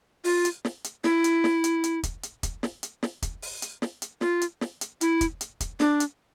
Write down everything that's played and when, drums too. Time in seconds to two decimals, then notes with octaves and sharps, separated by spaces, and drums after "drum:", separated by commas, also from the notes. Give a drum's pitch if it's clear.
0.24 F4, drum: open hi-hat
0.45 drum: hi-hat
0.65 drum: snare
0.84 drum: hi-hat
1.04 E4, drum: snare
1.24 drum: hi-hat
1.44 drum: snare
1.64 drum: hi-hat
1.84 drum: hi-hat
2.03 drum: kick, hi-hat
2.23 drum: hi-hat
2.43 drum: kick, hi-hat
2.63 drum: snare
2.83 drum: hi-hat
3.03 drum: snare
3.22 drum: kick, hi-hat
3.42 drum: open hi-hat
3.62 drum: hi-hat
3.82 drum: snare
4.02 drum: hi-hat
4.21 F4, drum: snare
4.41 drum: hi-hat
4.61 drum: snare
4.81 drum: hi-hat
5.01 E4, drum: hi-hat
5.21 drum: kick, hi-hat
5.41 drum: hi-hat
5.60 drum: kick, hi-hat
5.80 D4, drum: snare
6.00 drum: hi-hat